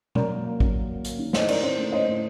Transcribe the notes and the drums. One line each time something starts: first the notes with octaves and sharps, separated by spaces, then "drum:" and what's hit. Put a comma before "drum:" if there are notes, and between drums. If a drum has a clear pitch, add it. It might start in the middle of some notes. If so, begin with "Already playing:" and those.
F#3 A#4 D5, drum: tom B2
A#3
A#3
F#3, drum: kick
A#3
A#3
A#3, drum: hi-hat
D#3
A2 C5 D#5, drum: snare
A2 A#4 D5, drum: cymbal
C4 C5
A3
A3 C5 D#5
A2